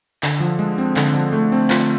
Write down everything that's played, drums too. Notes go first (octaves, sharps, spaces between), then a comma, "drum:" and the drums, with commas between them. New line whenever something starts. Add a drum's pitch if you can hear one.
D3, drum: clap
F3, drum: hi-hat
G#3, drum: hi-hat
C4, drum: hi-hat
D3, drum: clap
F3, drum: hi-hat
A3, drum: hi-hat
C4, drum: hi-hat
F4, drum: clap